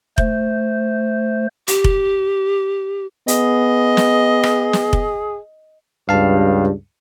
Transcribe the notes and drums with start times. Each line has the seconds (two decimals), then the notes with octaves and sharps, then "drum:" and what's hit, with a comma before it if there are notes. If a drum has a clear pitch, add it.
0.18 A3 C5, drum: kick F1
1.68 G4, drum: hi-hat
1.84 drum: kick F1
3.28 B3 G#4 D#5, drum: hi-hat
3.97 drum: snare
4.43 drum: rim click
4.73 drum: snare
4.93 drum: kick F1
6.09 C#2 G2 F5 A5